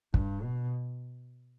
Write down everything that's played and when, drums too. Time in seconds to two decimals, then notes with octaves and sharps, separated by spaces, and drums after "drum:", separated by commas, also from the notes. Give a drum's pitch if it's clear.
0.14 G2, drum: kick
0.42 B2